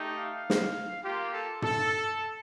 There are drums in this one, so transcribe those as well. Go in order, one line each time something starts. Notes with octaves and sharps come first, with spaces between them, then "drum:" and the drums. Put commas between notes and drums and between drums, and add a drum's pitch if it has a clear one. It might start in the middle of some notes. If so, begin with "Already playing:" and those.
Already playing: A3 D#4 G4
F5
drum: snare
A#3 F4 G4
A4
A4, drum: tom